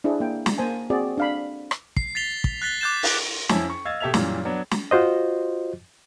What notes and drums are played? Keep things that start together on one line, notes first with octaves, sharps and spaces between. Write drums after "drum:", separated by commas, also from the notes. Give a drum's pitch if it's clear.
D4 E4 G#4 C5
A#3 G5
drum: snare
A#3 C5 G#5 A5
C4 F#4 G#4 D5
D4 F5 B5
drum: rim click
C7, drum: kick
A6 B6 C7 F7 G7
drum: kick
F#6 A6 B6 G7
D6 F#6 G6 A6 E7
drum: open hi-hat
F2 C#4 E4 G#5 A5, drum: snare
C#6
D#5 F5 E6 G#6 A6
B2 G4 A4 E5 G#6 F7
F#2 A#2 E3 G3, drum: snare
F#3 B3 D4
drum: snare
F4 F#4 C5 D#5